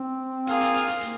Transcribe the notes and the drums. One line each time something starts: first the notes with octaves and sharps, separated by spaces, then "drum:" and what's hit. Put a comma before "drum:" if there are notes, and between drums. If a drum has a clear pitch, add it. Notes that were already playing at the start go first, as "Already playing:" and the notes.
Already playing: C4
A#3 F4 G#4 F5, drum: hi-hat
drum: hi-hat
drum: hi-hat
drum: hi-hat
A#3, drum: hi-hat